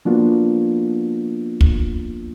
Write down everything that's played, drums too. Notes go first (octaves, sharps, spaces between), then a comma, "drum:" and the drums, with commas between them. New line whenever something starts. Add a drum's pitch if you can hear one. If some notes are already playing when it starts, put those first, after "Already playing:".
F3 A#3 B3 D4 F4 F#4
drum: kick